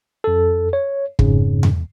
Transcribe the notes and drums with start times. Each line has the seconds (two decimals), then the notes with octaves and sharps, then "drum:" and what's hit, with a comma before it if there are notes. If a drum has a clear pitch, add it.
0.24 F2 A4
0.73 C#5
1.19 F2 G#2 C#3, drum: kick
1.63 drum: tom E2